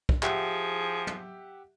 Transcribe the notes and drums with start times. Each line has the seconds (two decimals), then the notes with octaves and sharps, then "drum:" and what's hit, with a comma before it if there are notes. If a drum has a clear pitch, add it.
0.09 drum: kick
0.23 F3 G4 G#4 E5 F#5, drum: clap
1.07 drum: tom